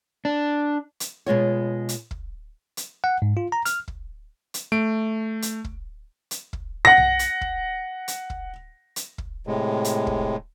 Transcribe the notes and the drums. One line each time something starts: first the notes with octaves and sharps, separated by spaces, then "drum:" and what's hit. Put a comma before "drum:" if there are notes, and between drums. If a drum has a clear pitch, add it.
D4
drum: hi-hat
B2 G#3 F4 C#5
drum: hi-hat
drum: kick
drum: hi-hat
F#5
G#2
F4
A#5
F6, drum: hi-hat
drum: kick
drum: hi-hat
A3 D7
drum: hi-hat
drum: kick
drum: hi-hat
drum: kick
F#5 A#6
drum: tom B1
drum: hi-hat
drum: kick
drum: hi-hat
drum: kick
drum: hi-hat
drum: kick
A2 C3 G#3
drum: hi-hat
drum: kick